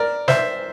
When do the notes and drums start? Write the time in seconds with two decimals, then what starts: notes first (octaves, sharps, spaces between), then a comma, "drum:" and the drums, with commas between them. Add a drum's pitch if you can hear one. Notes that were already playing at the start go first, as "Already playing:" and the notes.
Already playing: A#4 D5
0.28 C5 E5, drum: snare